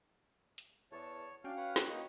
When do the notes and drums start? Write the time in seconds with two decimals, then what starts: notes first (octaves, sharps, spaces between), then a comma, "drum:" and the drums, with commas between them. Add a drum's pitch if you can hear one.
0.58 drum: hi-hat
0.92 E2 C#5 A5
1.44 C#4 D4 F#4 F5 G5
1.56 B4 C#5 F#5
1.76 drum: snare
1.87 D#3 A#3 D#4